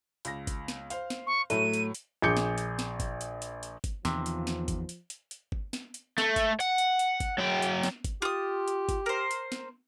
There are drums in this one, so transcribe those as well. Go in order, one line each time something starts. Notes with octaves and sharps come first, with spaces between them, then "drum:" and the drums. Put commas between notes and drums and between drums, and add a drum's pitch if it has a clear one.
C#2 A#6, drum: hi-hat
drum: kick G1, hi-hat
drum: snare
C5 F5, drum: hi-hat
drum: snare
C#6
A2 F#3 A3 D#7, drum: hi-hat
drum: hi-hat
drum: hi-hat
A#1 G#4 D6 G6 C#7
drum: snare
drum: hi-hat
drum: snare
drum: kick G1, hi-hat
drum: hi-hat
drum: hi-hat
drum: hi-hat
drum: kick G1, hi-hat
E2 C3 D#3 F3, drum: snare
drum: hi-hat
drum: snare
drum: kick G1, hi-hat
drum: hi-hat
drum: hi-hat
drum: hi-hat
drum: kick G1
drum: snare
drum: hi-hat
A3, drum: snare
drum: kick G1, hi-hat
F#5, drum: hi-hat
drum: hi-hat
drum: hi-hat
drum: kick G1, hi-hat
F#3 G5
drum: hi-hat
drum: snare
drum: kick G1, hi-hat
F4 G4 D#6
drum: hi-hat
drum: kick G1, hi-hat
A#4 C5
drum: hi-hat
drum: snare